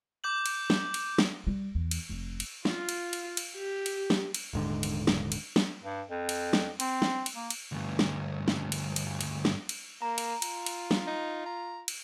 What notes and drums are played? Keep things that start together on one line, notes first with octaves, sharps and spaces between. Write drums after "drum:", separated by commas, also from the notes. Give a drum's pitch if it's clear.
D6 G6 F#7
drum: cymbal
drum: snare
drum: cymbal
drum: snare
G3
E2
drum: cymbal
F1
drum: cymbal
F4, drum: snare
drum: cymbal
drum: cymbal
drum: cymbal
G4
drum: cymbal
drum: snare
drum: cymbal
D#1 G#2 D3
drum: cymbal
drum: snare
drum: cymbal
drum: snare
G2
F2
drum: cymbal
drum: snare
C4, drum: cymbal
drum: snare
drum: cymbal
A#3
drum: cymbal
D2 G2
drum: snare
drum: snare
drum: cymbal
drum: cymbal
drum: cymbal
drum: snare
drum: cymbal
A#3 A#5
drum: cymbal
F4, drum: cymbal
drum: cymbal
drum: snare
D#4
A#5
drum: cymbal